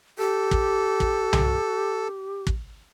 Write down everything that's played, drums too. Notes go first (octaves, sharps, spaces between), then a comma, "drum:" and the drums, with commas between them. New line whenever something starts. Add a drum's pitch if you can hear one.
G4 A4
drum: kick
drum: kick
drum: tom C2
drum: kick